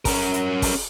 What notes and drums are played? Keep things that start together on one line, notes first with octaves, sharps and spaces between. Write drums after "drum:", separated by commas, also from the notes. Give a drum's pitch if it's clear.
C#4 A#4, drum: kick, open hi-hat
drum: hi-hat
drum: kick, open hi-hat